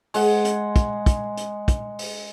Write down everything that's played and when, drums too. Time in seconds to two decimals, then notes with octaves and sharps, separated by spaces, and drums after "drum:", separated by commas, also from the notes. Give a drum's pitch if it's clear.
0.14 G#3 F#5, drum: open hi-hat
0.45 drum: hi-hat
0.76 drum: kick, hi-hat
1.06 drum: kick, hi-hat
1.37 drum: hi-hat
1.68 drum: kick, hi-hat
1.99 drum: open hi-hat